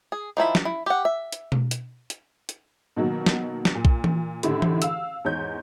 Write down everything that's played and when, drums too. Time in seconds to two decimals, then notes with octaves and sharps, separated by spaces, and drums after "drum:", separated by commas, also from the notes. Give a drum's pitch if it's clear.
0.12 G#4
0.37 D#3 F3 E4 B5
0.55 drum: snare
0.65 E4
0.86 G4 F#5
1.05 E5
1.32 drum: hi-hat
1.52 drum: tom B2
1.71 drum: hi-hat
2.10 drum: hi-hat
2.49 drum: hi-hat
2.96 B2 D#3 F#3 A#3
3.26 drum: snare
3.65 drum: snare
3.75 A#2
3.85 drum: kick B1
4.04 drum: tom E3
4.43 A2 D3 D#3 C#4 E4 G4, drum: hi-hat
4.62 drum: tom E3
4.82 F5 E6, drum: hi-hat
5.24 E2 G#2 C#5 G6